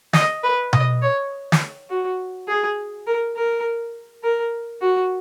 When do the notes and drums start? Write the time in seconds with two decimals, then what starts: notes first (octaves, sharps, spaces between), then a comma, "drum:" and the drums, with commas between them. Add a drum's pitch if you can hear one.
0.13 D#5, drum: snare
0.43 B4
0.73 D#5, drum: tom B2
1.02 C#5
1.52 drum: snare
1.89 F#4
2.48 G#4
3.06 A#4
3.35 A#4
4.23 A#4
4.81 F#4